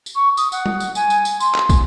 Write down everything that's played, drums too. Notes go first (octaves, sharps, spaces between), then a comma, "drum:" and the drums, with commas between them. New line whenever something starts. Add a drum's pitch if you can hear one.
drum: tambourine
C#6
D#6, drum: tambourine
F#5, drum: tambourine
drum: tom G3
drum: tambourine
G#5, drum: tambourine
drum: tambourine
drum: tambourine
C6, drum: tambourine
drum: clap
drum: kick, tambourine